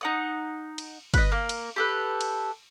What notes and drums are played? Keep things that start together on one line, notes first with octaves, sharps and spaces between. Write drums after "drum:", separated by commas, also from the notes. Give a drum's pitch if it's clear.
D#4 F#5 D#6
drum: cymbal
B4 D#5, drum: kick, cymbal
A#3
drum: cymbal
G4 A4 B4
drum: cymbal